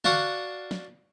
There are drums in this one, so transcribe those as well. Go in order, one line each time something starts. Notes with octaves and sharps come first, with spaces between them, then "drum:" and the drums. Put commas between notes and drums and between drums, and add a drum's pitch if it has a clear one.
D4 F#4 F5 F#5, drum: tom D3
drum: snare